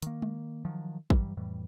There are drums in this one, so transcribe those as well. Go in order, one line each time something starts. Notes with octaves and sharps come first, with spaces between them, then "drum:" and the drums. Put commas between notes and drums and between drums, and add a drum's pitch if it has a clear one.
D#3 A#3, drum: hi-hat
drum: tom G#3
D#3 F3 F#3
G2 E3 F#3 G3, drum: kick
F2 A2 E3 G3